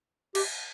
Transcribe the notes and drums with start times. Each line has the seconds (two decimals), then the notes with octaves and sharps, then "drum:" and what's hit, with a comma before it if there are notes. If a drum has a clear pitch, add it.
0.35 G4, drum: cymbal